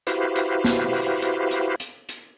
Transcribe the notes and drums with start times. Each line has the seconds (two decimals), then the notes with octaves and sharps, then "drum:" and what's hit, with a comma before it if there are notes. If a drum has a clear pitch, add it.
0.07 E4 F#4 G4 B4 C5 F5, drum: hi-hat
0.36 drum: hi-hat
0.64 drum: snare
0.93 drum: open hi-hat
1.22 drum: hi-hat
1.51 drum: hi-hat
1.80 drum: hi-hat
2.09 drum: hi-hat